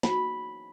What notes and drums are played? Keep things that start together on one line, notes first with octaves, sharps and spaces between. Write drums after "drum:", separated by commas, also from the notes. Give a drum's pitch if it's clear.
B5, drum: snare